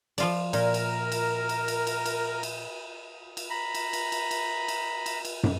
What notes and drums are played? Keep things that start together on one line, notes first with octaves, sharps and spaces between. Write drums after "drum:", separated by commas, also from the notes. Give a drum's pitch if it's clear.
F3 F4 D5, drum: cymbal
A#2 A#4, drum: cymbal
drum: cymbal
drum: cymbal
drum: cymbal
drum: cymbal
drum: cymbal
drum: cymbal
drum: cymbal
drum: cymbal
A#5 B5
drum: cymbal
drum: cymbal
drum: cymbal
drum: cymbal
drum: cymbal
drum: cymbal
drum: cymbal
drum: tom